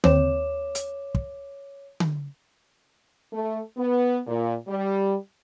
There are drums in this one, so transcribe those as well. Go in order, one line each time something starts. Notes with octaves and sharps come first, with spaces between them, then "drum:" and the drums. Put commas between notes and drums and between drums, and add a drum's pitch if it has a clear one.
D#2 C4 C#5 D6 E7, drum: tom D3
drum: hi-hat
drum: kick
drum: tom D3
A3
B3
A#2
G3